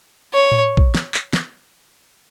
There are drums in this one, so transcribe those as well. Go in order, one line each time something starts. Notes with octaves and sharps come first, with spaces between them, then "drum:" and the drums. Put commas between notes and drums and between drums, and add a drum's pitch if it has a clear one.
C#5
drum: tom A2
drum: kick
drum: snare
drum: clap
drum: snare